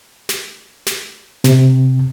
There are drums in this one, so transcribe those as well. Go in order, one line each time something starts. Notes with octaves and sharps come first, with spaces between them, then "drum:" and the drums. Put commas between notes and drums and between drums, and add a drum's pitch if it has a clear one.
drum: snare
drum: snare
C3, drum: snare